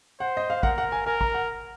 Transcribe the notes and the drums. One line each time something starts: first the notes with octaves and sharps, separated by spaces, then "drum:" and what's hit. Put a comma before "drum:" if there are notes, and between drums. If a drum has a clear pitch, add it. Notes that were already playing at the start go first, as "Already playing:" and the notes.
C5 F#5
D#5
F5
A#4 F#5, drum: kick
F#5
G#5
A#4 G#5
A#5, drum: kick
F#5